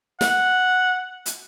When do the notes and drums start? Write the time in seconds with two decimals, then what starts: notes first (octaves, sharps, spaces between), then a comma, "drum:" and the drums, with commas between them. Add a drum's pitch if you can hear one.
0.21 F#5, drum: snare
1.26 drum: hi-hat